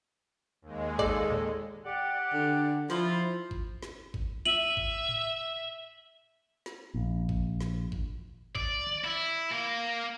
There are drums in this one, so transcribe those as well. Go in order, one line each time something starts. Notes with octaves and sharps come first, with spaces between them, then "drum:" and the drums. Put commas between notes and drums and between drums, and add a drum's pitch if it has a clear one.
D#2 G#3
A4 D5, drum: kick G#1
drum: tom A2
G4 D5 F#5
D3
F3 E4 F4, drum: snare
drum: kick G#1
drum: snare
drum: kick G#1
E5 D#7 F#7
drum: kick G#1
drum: tom A2
drum: snare
A#1
drum: kick G#1
drum: snare
drum: kick G#1
D5, drum: kick G#1
drum: tom
E4
A#3